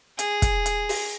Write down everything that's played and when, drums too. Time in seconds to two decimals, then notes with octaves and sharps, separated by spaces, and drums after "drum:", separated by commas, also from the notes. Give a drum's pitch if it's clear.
0.19 G#4, drum: hi-hat
0.42 drum: kick, hi-hat
0.66 drum: hi-hat
0.89 drum: open hi-hat